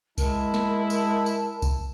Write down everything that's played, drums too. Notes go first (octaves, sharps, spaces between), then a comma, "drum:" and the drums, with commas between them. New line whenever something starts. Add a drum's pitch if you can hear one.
G#3 E4 A#4 A5, drum: kick C2, tambourine
drum: snare
drum: tambourine
drum: tambourine
drum: kick C2, tambourine